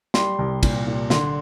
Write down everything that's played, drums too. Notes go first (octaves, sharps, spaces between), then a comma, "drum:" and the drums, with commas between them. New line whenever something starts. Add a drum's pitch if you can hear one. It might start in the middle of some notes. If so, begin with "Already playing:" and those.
G3 C6, drum: snare
C2
A#2, drum: kick, cymbal
A#2
D3 C6, drum: snare